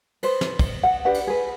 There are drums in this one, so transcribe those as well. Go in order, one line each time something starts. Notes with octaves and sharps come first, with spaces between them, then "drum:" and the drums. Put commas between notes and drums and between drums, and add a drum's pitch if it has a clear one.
B4 C5, drum: cymbal
drum: snare
drum: kick, cymbal
F#5
D4 G4 B4 F#5
drum: cymbal
G#4 B4